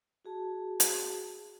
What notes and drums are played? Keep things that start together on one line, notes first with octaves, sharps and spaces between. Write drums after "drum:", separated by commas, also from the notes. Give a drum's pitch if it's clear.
F#4 G#4 A5
drum: hi-hat